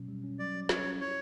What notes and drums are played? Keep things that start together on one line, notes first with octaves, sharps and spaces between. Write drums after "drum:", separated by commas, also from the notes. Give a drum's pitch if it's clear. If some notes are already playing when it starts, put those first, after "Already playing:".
Already playing: B2 F#3 C#4
G3
C#4
F#3 D5
F#3
C#4 C#5, drum: snare
C#4
E4 C#5